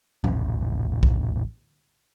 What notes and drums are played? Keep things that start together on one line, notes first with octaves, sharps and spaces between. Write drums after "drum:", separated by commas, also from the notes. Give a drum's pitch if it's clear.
D#1 A1, drum: tom
drum: kick B1